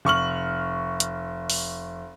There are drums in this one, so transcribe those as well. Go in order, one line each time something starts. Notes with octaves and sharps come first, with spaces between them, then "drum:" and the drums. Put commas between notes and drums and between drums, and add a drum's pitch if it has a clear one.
F1 C#6 F6 F#7
drum: hi-hat
drum: open hi-hat